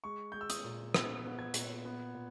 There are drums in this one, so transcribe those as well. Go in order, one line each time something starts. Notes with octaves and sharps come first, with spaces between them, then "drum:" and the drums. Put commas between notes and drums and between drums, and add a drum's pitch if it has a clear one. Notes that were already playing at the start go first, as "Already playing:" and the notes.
G#3 C#6
G#3 G6
E6
D#6, drum: hi-hat
A#2
B3 E6, drum: rim click
B3
G#6
A#2, drum: hi-hat
B3
A#2